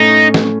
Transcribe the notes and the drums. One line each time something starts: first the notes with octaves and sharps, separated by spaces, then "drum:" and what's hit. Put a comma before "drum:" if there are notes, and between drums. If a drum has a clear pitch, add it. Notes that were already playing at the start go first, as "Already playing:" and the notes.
Already playing: A2 A3 C#4 D#4
drum: snare